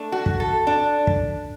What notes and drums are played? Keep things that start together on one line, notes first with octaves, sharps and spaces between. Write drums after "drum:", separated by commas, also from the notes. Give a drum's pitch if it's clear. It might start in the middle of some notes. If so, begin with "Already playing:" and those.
Already playing: A3 D4
F#4
drum: kick
A4
D4
drum: kick